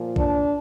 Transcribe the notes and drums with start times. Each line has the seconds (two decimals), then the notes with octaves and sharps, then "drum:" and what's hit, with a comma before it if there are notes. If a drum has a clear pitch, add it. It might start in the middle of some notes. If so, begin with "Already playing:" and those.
Already playing: A#2 F3
0.16 D4, drum: kick B1